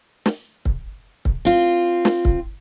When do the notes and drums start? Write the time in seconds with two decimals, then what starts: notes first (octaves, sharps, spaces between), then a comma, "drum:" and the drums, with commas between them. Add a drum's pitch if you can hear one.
0.26 drum: snare
0.65 drum: kick C#1
1.25 drum: kick C#1
1.45 C4 F4
2.05 drum: snare
2.25 drum: kick C#1